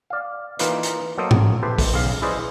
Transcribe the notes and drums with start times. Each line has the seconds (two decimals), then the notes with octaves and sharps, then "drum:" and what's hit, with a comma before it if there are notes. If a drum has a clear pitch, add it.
0.10 D5 F5
0.59 E3 A#3 D#4 F4 B4, drum: hi-hat
0.83 drum: hi-hat
1.18 F#3 A#3 A4 C5 D#5
1.31 drum: tom
1.63 E4 G4 A4 B4 C5
1.78 drum: kick, open hi-hat
1.94 B1 C#3 F5
2.22 E4 G#4 B4 C5 D5 D#5